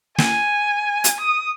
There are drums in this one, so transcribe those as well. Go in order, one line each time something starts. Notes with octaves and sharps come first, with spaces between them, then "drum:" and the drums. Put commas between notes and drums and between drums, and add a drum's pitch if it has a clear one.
G#5, drum: snare
drum: hi-hat
D#6